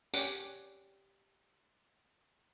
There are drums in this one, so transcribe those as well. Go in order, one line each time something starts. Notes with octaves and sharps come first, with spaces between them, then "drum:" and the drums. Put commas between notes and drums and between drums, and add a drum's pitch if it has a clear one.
C#4 G4 D5 F#5, drum: tambourine